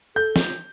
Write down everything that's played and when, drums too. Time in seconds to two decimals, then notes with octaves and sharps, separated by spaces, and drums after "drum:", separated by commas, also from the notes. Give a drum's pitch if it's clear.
0.15 A4 G6
0.36 drum: snare